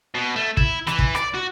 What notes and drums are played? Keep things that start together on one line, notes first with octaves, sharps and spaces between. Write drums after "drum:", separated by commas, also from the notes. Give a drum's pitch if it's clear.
B2
A3
E4, drum: kick
E3, drum: rim click
drum: kick
D5, drum: rim click
F#4